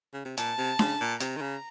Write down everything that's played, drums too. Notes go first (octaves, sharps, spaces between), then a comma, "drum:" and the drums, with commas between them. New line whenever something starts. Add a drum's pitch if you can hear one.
C#3
C3
A#2 A5, drum: hi-hat
C3
C#3, drum: snare D4
A#2
C3 A#5, drum: hi-hat
D#3
C#3